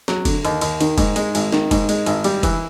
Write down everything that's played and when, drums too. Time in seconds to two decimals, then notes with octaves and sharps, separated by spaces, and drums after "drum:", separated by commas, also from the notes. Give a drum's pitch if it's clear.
0.08 F#3, drum: snare
0.25 D3, drum: kick, cymbal
0.45 D#2, drum: cymbal
0.61 D#2, drum: cymbal
0.80 D#3, drum: cymbal
0.98 G#2, drum: kick, cymbal
1.16 G#3, drum: cymbal
1.35 G#1, drum: cymbal
1.52 D#3, drum: snare
1.71 G#2, drum: kick, cymbal
1.89 G#3, drum: cymbal
2.06 G#1, drum: cymbal
2.24 G3, drum: cymbal
2.43 E3, drum: kick, cymbal